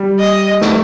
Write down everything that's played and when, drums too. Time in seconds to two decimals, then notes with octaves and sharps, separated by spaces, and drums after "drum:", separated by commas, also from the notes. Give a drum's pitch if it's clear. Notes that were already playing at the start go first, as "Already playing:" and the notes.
Already playing: G3
0.19 D#5
0.61 A3, drum: snare